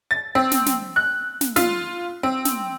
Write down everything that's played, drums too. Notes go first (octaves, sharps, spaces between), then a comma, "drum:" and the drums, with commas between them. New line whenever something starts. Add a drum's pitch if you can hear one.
A6
C4
drum: snare
drum: snare
F#6
drum: snare
F4, drum: snare
C4
drum: snare